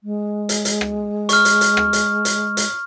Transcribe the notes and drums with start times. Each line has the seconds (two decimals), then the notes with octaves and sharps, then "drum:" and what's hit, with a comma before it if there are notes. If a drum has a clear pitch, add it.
0.04 G#3
0.49 drum: hi-hat
0.65 drum: hi-hat
0.81 drum: rim click
1.29 C#6 F6, drum: hi-hat
1.45 drum: hi-hat
1.61 drum: hi-hat
1.77 drum: rim click
1.93 drum: hi-hat
2.25 drum: hi-hat
2.57 drum: hi-hat